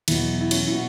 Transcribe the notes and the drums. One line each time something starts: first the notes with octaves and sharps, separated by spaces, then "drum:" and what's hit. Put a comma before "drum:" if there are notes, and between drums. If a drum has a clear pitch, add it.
E2 B2 F#3 E4, drum: cymbal
E4
C#4, drum: cymbal
E4
B2 F#4